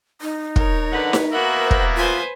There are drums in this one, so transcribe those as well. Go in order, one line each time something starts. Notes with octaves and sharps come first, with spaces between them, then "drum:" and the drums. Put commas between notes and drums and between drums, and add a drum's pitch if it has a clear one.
D#4
A#4 C#5, drum: kick
D3 B4 F#5
drum: snare D#4
A#3 B3 F#4 A#4 E5 F#6
C5
drum: kick
F4 B4 C5 G#5